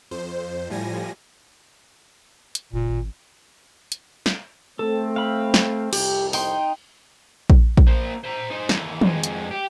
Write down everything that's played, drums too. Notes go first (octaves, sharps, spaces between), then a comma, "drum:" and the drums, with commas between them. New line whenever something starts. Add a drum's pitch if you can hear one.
F2 C5
A2 F3 G3 G#5 A#6
drum: hi-hat
F#1 A#2
G#1
drum: hi-hat
drum: snare
A3 C4 A4
F5 B5
drum: snare
C2 F2 G4, drum: cymbal
D#4 G5 C6, drum: open hi-hat
drum: kick A#1
drum: kick A#1
A#3 C5
C5 A#5
D#4 C5
D#2 E3, drum: snare
F2 G#3, drum: tom
drum: hi-hat
G4